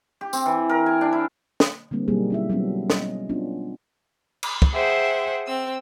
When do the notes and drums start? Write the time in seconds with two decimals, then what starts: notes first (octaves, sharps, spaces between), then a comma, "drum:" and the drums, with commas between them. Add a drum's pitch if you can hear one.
0.21 G4
0.33 C4, drum: tambourine
0.46 E3
0.69 A#4
0.86 G#5
1.01 D4
1.13 E4
1.60 drum: snare
1.91 D3 G3 A#3 C4
2.08 B2 F#3 G3 A#3 D#4 G#4
2.30 C#4 E4 E5
2.50 F#3 G3 B3 C#4
2.90 C#4 D#5, drum: snare
3.29 B3 C#4 D4 F4
4.43 drum: cymbal
4.62 drum: kick
4.73 G#4 C5 E5 F#5 G5
5.47 C4 E6